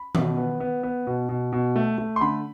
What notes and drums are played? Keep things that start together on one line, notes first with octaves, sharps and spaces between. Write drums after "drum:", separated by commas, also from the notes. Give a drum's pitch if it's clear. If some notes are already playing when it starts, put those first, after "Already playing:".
Already playing: B5
B2, drum: tom D#3
B3
B3
B3
B2
B2
B2
A3
A3
C6
D3 B5